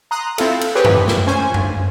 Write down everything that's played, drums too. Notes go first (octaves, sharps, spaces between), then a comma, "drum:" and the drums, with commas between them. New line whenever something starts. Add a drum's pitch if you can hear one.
A#5 C6 D#6 F#6
C4 E4 F4 A4, drum: cymbal
drum: cymbal
C4 G4 G#4 B4 C#5
drum: tom F#2
drum: snare
C#4 C5 G#5
drum: tom F#2